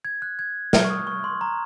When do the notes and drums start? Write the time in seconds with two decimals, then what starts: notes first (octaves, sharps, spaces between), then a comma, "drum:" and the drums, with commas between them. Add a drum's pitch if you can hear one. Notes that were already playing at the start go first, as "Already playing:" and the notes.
0.05 G#6
0.22 F#6
0.39 G#6
0.73 F6, drum: snare
0.85 C#6
0.90 D#6
1.07 C#6
1.24 C6
1.41 A#5